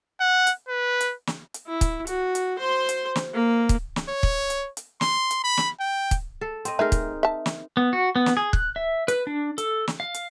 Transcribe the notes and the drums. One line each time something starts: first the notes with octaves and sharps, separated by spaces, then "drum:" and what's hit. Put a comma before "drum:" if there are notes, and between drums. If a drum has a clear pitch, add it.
F#5
drum: hi-hat
B4
drum: hi-hat
drum: snare
drum: hi-hat
E4
drum: kick, hi-hat
F#4, drum: hi-hat
drum: hi-hat
C5 C6
drum: hi-hat
drum: snare
A#3
drum: kick, hi-hat
drum: snare
C#5
drum: kick
drum: hi-hat
drum: hi-hat
C6, drum: snare
drum: hi-hat
B5
drum: snare
G5
drum: kick, hi-hat
A4
C4 D#5, drum: hi-hat
A3 D#4 G#4 A#4 E5
drum: kick, hi-hat
E5 A5
drum: snare
B3
F#4
B3
drum: snare
G#4
F#6, drum: kick
E5
B4, drum: hi-hat
D4
A4, drum: hi-hat
drum: snare
F5
drum: hi-hat